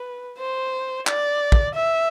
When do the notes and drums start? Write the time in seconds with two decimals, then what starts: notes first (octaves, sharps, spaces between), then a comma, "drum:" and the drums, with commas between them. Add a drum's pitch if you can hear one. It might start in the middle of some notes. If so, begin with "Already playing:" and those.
Already playing: B4
0.39 C5
1.07 D5, drum: clap
1.52 drum: kick
1.75 E5